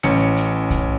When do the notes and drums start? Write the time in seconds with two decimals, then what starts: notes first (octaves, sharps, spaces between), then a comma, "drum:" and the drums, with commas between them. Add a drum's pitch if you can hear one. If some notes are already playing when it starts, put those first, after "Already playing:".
0.03 A1 C#4 C#7, drum: snare
0.37 drum: hi-hat
0.70 drum: kick, hi-hat